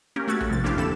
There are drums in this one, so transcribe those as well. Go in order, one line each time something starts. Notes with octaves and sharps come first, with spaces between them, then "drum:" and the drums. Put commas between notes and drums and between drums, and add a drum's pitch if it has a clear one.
A#3 C#4 G4 A#4
A3 F#4 E5 F#6 G#6 A6
drum: tom A#1
C2 F3 A6
A#3 D4 E4 F4 G4 F5
F2 D3 A4 B5 E7